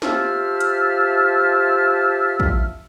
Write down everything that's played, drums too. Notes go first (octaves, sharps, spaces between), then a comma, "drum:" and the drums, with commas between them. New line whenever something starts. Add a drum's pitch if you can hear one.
F4 G4 C5 E5 A5 F6, drum: snare
drum: hi-hat
drum: kick